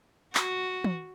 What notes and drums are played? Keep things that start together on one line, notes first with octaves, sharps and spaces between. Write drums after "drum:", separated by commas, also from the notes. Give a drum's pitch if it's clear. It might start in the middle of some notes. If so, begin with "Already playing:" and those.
F#4, drum: clap
drum: tom